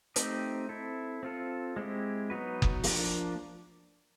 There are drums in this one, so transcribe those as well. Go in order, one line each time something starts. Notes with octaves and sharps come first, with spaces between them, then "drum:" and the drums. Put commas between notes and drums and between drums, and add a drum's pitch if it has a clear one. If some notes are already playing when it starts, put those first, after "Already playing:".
A3 C4 D#4 G4, drum: hi-hat
C4 E4 A4
C4 F4 A4
G#3 C4 E4 G4
F#3 B3 D#4 F#4 B4
drum: kick F#1
F3 A#3 D4, drum: open hi-hat